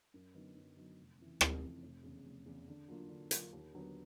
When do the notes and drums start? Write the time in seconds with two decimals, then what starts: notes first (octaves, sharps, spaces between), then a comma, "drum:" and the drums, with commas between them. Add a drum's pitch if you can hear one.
0.14 F#2
0.35 D3 F#3 B3 D#4
0.56 F#2
0.77 D3 F#3 B3 D#4
0.99 F1
1.19 F2 C#3 E3
1.41 F1, drum: rim click
1.61 F2 C#3 E3
1.82 F1
2.03 E2 C#3
2.26 F1
2.46 E2 C#3
2.68 D3
2.88 F#3 A#3 D4 F4
3.09 D3
3.31 F#3 A#3 D4 F4, drum: hi-hat
3.53 D#2
3.73 D3 F#3 B3